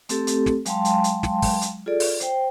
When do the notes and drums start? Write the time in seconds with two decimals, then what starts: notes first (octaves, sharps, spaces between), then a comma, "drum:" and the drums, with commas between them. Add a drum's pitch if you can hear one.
0.09 A3 C4 G4 A4, drum: hi-hat
0.27 drum: hi-hat
0.46 drum: snare
0.65 F#3 G#3 F5 G5 A5 C6, drum: hi-hat
0.85 drum: hi-hat
1.04 drum: hi-hat
1.23 drum: snare
1.42 drum: kick, open hi-hat
1.62 drum: hi-hat
1.86 F4 G#4 A4 D5
2.00 drum: open hi-hat
2.20 C5 G5, drum: hi-hat